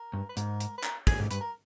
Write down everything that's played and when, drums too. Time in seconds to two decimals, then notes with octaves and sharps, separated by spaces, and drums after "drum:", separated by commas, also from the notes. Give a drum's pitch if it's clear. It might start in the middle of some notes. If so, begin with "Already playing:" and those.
Already playing: A#4
0.13 G2
0.29 B4
0.37 G#2 A#4, drum: hi-hat
0.60 drum: hi-hat
0.78 B4
0.83 A#4, drum: clap
1.07 G#4, drum: kick, hi-hat
1.20 G#2
1.31 G2 B4, drum: hi-hat
1.41 A#4